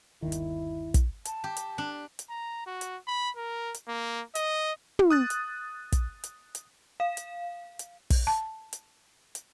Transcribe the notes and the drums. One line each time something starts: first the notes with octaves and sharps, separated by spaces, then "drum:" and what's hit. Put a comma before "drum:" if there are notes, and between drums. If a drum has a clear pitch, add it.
G1 D#2 D#3 E4
drum: hi-hat
drum: kick, hi-hat
A5, drum: hi-hat
G4
drum: hi-hat
D4
drum: hi-hat
A#5
F#4
drum: hi-hat
B5
A#4
drum: hi-hat
A#3
D#5, drum: hi-hat
drum: tom
D#6 F#6 A6
drum: hi-hat
drum: kick, hi-hat
drum: hi-hat
drum: hi-hat
F5
drum: hi-hat
drum: hi-hat
drum: kick, open hi-hat
A5
drum: hi-hat
drum: hi-hat